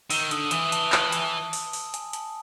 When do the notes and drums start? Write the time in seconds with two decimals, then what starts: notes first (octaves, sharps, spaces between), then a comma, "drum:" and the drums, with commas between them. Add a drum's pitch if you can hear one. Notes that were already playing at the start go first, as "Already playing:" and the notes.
0.10 D#3 E6, drum: open hi-hat
0.31 D3 D#6, drum: hi-hat
0.51 E3 D#6, drum: hi-hat
0.72 A5, drum: hi-hat
0.92 drum: clap
1.12 drum: hi-hat
1.53 drum: open hi-hat
1.73 drum: open hi-hat
1.94 G#5, drum: hi-hat
2.13 A5, drum: hi-hat